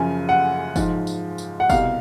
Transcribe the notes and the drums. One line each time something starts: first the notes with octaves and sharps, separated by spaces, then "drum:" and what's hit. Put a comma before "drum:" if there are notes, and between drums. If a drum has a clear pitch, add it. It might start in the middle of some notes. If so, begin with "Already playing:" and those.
Already playing: F#2 C#3 F3 G#5
F#5
G#2 F3, drum: kick, tambourine
drum: tambourine
drum: tambourine
F#5
C2 B2 F5, drum: kick, tambourine